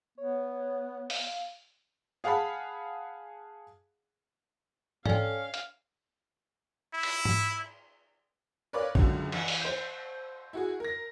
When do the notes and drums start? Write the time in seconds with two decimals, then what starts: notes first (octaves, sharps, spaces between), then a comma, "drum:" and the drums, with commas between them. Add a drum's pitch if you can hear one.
0.18 B3 C#5
1.10 F5, drum: open hi-hat
2.24 G#4 F5 F#5 A5 B5
5.06 C#4 A4 D5 F5 G5, drum: tom G#2
5.54 drum: hi-hat
6.94 E4
7.03 drum: cymbal
7.25 drum: tom G#2
8.73 A#4 B4 C#5 D5 F5 D6
8.95 C#2 F#2 D3, drum: kick
9.32 E3 E4, drum: cymbal
9.48 drum: open hi-hat
9.62 C5 G6
10.53 E4 F#4 G#4
10.80 A#4 A#6